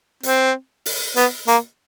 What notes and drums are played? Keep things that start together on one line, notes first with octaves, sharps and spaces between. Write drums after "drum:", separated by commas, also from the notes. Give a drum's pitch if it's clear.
C4, drum: hi-hat
drum: open hi-hat
B3, drum: hi-hat
A#3, drum: hi-hat